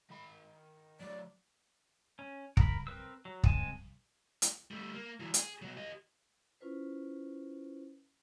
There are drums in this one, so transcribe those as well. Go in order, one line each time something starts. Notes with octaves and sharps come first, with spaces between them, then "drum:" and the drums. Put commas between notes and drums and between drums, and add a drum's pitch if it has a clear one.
D#3 B5
F#3 A3 D5
C#4
A#4 B5, drum: kick
C4 A#4 B4 E6
F#3
G#3 C4 G#5 A5, drum: kick
drum: hi-hat
G3 A3
A#3
E3 F#3
G#4, drum: hi-hat
B2 F#3
G4 D#5
C#4 E4 F4 B4 C5